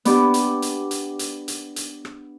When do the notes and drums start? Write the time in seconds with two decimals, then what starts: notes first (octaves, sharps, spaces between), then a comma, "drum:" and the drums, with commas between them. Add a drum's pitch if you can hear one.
0.05 B3 D4 G4, drum: hi-hat
0.34 drum: hi-hat
0.62 drum: hi-hat
0.91 drum: hi-hat
1.19 drum: hi-hat
1.48 drum: hi-hat
1.76 drum: hi-hat
2.05 drum: rim click